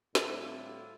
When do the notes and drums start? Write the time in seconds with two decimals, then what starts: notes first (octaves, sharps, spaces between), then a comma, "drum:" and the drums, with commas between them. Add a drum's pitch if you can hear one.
0.15 A2 D3 G3 C4 D4 E4 F4 E5, drum: snare